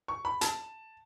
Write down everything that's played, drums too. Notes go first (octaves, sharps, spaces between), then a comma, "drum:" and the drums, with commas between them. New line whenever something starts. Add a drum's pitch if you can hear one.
C#6
B5
A5, drum: hi-hat